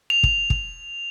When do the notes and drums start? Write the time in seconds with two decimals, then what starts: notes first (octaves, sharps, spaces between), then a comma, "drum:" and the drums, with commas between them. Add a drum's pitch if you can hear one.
0.10 F7
0.23 drum: kick
0.50 drum: kick